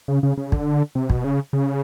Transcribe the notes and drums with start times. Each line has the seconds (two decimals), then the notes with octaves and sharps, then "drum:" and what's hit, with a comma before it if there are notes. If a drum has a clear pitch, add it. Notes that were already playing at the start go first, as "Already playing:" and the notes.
0.08 C#3
0.23 C#3
0.38 C#3
0.52 D3, drum: kick
0.95 C3
1.10 B2, drum: kick
1.24 C#3
1.53 C#3